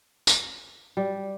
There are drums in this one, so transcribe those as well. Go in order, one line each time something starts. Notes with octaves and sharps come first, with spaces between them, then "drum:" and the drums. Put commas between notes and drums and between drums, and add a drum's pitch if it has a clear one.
drum: tambourine
G3